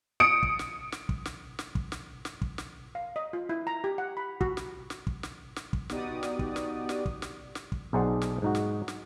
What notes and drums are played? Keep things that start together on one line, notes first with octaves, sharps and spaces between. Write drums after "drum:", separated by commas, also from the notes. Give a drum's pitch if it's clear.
D#6 C#7 D7
drum: kick
drum: snare
drum: snare
drum: kick
drum: snare
drum: snare
drum: kick
drum: snare
drum: snare
drum: kick
drum: snare
F5
D#5
F4
E4
A#5
G4
F#5
B5
F#4, drum: kick
drum: snare
drum: snare
drum: kick
drum: snare
drum: snare
drum: kick
B3 D#4 F#4 G4 D5 D#6, drum: snare
drum: snare
drum: kick
drum: snare
drum: snare
drum: kick
drum: snare
drum: snare
drum: kick
B1 D#4 G#4 C5 D5 F#5
drum: snare
G#2 D#4 F#4
drum: snare
drum: snare